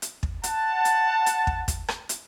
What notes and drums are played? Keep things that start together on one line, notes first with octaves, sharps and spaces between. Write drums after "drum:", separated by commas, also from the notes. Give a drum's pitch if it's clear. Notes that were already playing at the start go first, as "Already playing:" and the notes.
drum: hi-hat
drum: kick
F#5 A5, drum: hi-hat
drum: hi-hat
drum: hi-hat
drum: kick
drum: kick, hi-hat
drum: rim click
drum: hi-hat